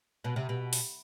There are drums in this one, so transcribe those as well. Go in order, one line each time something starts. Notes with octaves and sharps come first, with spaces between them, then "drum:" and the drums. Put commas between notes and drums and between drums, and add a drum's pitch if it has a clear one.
B2
C3
B2
drum: open hi-hat